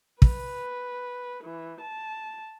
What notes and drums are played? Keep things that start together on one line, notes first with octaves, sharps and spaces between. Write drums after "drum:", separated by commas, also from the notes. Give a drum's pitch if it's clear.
B4, drum: kick
E3
A5